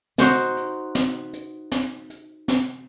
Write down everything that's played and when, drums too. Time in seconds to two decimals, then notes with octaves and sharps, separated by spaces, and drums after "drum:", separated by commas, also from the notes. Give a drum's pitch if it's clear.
0.18 D#4 F#4 C5 D#5, drum: snare
0.57 drum: hi-hat
0.95 drum: snare
1.33 drum: hi-hat
1.72 drum: snare
2.10 drum: hi-hat
2.48 drum: snare